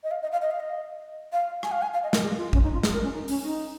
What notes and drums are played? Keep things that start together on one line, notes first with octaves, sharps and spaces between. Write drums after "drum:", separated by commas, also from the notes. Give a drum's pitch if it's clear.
D#5
F5
D#5
F5
D#5
F5
D#5
F5
G#5, drum: rim click
F5
G#5
F5
D#5
A#4, drum: snare
G#4
F4
C#4, drum: kick
D#4
F4
G#4, drum: snare
A#4
C#4
D#4
C#4, drum: open hi-hat
D#4